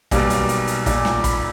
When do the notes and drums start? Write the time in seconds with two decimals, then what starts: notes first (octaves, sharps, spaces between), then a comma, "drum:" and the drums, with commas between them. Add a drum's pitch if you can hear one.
0.11 B1 B2 G3 A#3 D5, drum: kick, hi-hat
0.30 drum: hi-hat
0.49 drum: hi-hat
0.67 drum: hi-hat
0.86 B1 A#2 A#3 D5, drum: kick, hi-hat
1.05 drum: snare
1.24 B5, drum: kick, hi-hat